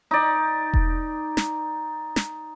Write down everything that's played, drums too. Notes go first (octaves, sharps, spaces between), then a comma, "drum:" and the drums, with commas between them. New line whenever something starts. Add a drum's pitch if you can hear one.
D#4 D5
drum: kick E1
drum: snare
drum: snare